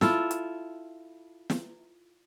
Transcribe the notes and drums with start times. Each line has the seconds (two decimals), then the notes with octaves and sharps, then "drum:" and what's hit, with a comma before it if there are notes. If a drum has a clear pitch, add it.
0.01 E4 F4 A4, drum: snare
0.31 drum: hi-hat
1.50 drum: snare